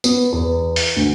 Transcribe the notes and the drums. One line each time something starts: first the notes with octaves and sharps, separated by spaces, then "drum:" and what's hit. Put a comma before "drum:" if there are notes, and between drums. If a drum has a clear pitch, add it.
B3, drum: tambourine
E2
drum: open hi-hat
D2